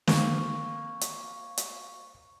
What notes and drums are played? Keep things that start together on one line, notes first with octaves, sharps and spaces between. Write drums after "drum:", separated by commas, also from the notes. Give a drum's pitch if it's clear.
A#3 C4 C#6, drum: snare
drum: hi-hat
drum: hi-hat